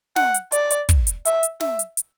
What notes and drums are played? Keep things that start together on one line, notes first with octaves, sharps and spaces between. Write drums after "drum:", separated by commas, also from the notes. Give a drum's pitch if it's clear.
F#5, drum: snare
drum: hi-hat
D5, drum: hi-hat
drum: hi-hat
drum: kick, hi-hat
drum: hi-hat
E5, drum: hi-hat
drum: hi-hat
E5, drum: snare
drum: hi-hat
drum: hi-hat